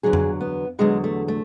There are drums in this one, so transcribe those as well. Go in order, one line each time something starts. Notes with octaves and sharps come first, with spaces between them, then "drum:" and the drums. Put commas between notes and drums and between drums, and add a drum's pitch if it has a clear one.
E2 D3 F#3 G#4
drum: tom F2
B3
E2 D3 F#3 G#3
A3
A3